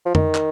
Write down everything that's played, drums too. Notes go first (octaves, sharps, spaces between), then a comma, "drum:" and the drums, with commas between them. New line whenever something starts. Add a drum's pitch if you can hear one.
F3
D#3, drum: tom F2
drum: clap